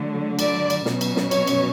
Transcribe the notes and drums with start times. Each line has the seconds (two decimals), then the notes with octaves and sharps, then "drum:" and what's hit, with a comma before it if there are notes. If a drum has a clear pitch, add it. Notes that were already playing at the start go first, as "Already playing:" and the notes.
Already playing: D3 F#3 A3
0.39 D5, drum: cymbal
0.70 drum: cymbal
0.86 B2 F#3 C#4, drum: snare
1.01 drum: cymbal
1.16 drum: snare
1.31 C#5, drum: cymbal
1.47 drum: cymbal